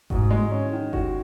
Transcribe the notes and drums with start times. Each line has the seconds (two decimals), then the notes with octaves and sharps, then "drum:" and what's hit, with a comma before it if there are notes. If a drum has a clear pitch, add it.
0.10 G#2 F#4, drum: kick F#1
0.30 G#3
0.51 C#4
0.72 D#3
0.93 F#4, drum: kick F#1